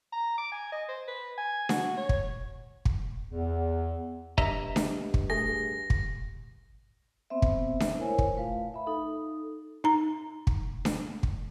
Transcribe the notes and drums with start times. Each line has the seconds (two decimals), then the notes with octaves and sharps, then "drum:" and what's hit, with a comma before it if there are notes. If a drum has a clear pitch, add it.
0.12 A#5
0.38 D6
0.52 G#5
0.72 D#5
0.88 C5
1.08 B4
1.38 G#5
1.69 F#4, drum: snare D4
1.97 C#5
2.09 drum: kick
2.85 drum: kick
3.30 E2
4.38 G2 D#5 E5 A#5, drum: kick
4.76 drum: snare D4
5.14 drum: kick
5.30 A3 G#4 A#6
5.90 drum: kick
7.30 B3 C4 C5 E5
7.42 drum: kick
7.80 drum: snare D4
7.98 E4 A#4 C5 C#5 G#5
8.18 drum: kick
8.36 A3 F4 B4 F5
8.74 E5 B5
8.87 D#4 A4
9.84 D#4 A#5
10.47 drum: kick
10.85 drum: snare D4
11.23 drum: kick